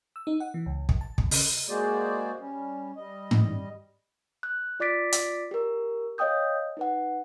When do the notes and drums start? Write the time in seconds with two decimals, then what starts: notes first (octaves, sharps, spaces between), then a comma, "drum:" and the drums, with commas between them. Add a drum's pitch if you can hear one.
0.16 E6
0.27 D#4
0.40 F#5
0.54 E3
0.66 C#2
0.89 A#1, drum: kick
1.01 A5
1.18 D#2, drum: kick
1.31 C#3, drum: open hi-hat
1.69 G#3 A#3 F#4 G#4 C5 D5
2.39 G3 C#4
2.97 G3 D#5
3.31 drum: tom G#2
4.43 F#6
4.80 F4 D5 D6 A6 B6 D7
5.12 drum: hi-hat
5.51 G4 A#4
6.18 C#5 D#5 F5 G5 D#6 G6
6.77 D#4 B4 F#5